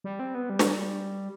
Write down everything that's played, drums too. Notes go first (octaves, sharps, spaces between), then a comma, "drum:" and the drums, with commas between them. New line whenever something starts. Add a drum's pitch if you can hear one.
G3
C4
B3
G3
drum: snare